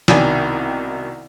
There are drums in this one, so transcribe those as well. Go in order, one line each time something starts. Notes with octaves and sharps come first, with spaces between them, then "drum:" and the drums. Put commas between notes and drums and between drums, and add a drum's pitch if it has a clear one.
C2 B2 D#3 D5 G5 G#5, drum: snare F3